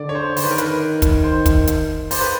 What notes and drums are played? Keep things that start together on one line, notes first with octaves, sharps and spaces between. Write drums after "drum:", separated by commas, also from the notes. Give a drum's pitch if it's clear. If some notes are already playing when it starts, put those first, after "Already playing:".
Already playing: D3 D5
C#5
C5
D#3 C5, drum: open hi-hat
B4
A#4
B4, drum: hi-hat
drum: kick, hi-hat
C5
drum: kick, hi-hat
drum: hi-hat
C5, drum: open hi-hat
B4